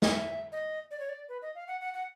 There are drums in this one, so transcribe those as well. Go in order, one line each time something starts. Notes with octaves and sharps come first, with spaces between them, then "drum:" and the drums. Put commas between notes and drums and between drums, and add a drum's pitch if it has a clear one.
D#5, drum: snare
E5
D#5
D5
C#5
D5
B4
D#5
F5
F#5
F#5
F#5